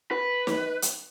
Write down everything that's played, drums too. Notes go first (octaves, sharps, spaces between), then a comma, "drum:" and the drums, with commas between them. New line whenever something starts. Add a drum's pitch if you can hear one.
B4
drum: snare
drum: hi-hat